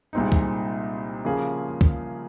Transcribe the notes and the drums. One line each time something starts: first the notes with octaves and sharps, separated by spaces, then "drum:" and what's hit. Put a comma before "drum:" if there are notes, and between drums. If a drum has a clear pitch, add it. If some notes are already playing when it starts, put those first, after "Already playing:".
C2 A#2 G#3 C4 D#4
drum: kick
C#3 F3 A#3 F4 G#4
drum: kick